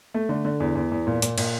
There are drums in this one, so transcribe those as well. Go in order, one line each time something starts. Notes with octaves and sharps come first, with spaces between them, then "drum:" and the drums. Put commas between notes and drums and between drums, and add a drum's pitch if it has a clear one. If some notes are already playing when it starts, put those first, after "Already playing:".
A3
D3
D3
E2
E2
E2
A#2
A#2, drum: hi-hat
A#2, drum: cymbal